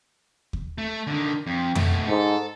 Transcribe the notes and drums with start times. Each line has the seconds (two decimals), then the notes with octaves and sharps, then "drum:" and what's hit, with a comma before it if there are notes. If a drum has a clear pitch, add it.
0.53 drum: kick
0.78 A3
1.07 D3 D#3
1.47 F2
1.75 B2 A3, drum: tom F2
2.08 G#2 A4